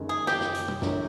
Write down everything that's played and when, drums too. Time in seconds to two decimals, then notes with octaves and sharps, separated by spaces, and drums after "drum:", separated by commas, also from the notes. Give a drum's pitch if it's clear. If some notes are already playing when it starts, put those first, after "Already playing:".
Already playing: F#1 F#2 D#3 G#3 C#4
0.09 G#4
0.27 G4, drum: snare
0.41 drum: snare
0.55 drum: hi-hat
0.68 drum: tom
0.82 A#1 A2 F#3 A#3 D4, drum: snare